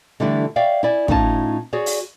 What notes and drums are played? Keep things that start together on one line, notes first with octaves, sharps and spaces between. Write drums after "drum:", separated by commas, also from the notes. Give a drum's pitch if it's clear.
D3 E3 G3 A3 D4 E4
C#5 D5 E5 F5 G5
E4 D5 G#5
A2 C#4 D#4 F4 D#5 A5, drum: kick
F#4 G#4 C#5 D5
drum: open hi-hat